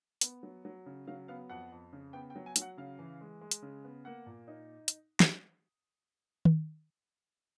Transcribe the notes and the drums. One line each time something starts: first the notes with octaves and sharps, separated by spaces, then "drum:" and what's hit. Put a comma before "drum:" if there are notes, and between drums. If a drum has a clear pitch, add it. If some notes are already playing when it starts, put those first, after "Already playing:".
B3, drum: hi-hat
F#3
F#3
C#3
F#3 F5
B3 F5
F2 F#5
F2
C#3
B3 G5
G5
F#3
G#5
F#3, drum: hi-hat
F#5
C#3 F5
E3
G#3
G#3
drum: hi-hat
C#3
B3
A#3 F#5
A#2
D#4
drum: hi-hat
drum: snare
drum: tom D#3